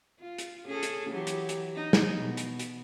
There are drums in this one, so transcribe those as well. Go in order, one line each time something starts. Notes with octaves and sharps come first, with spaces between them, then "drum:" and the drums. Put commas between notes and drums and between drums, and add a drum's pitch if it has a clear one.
F4
drum: hi-hat
C#4 G#4 A4
drum: hi-hat
E3 F#3 G4
drum: hi-hat
drum: hi-hat
D#4
drum: snare
B2
drum: hi-hat
drum: hi-hat